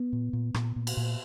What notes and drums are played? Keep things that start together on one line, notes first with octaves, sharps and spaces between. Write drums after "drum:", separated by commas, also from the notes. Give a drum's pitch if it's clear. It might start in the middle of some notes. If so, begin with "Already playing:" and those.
Already playing: B3
A#2
A#2
A#2, drum: rim click
A#2
drum: cymbal
A#2